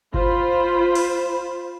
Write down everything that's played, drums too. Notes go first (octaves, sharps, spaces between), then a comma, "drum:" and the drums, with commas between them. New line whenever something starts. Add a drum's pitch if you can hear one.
F4 C5 B5, drum: kick G1
drum: cymbal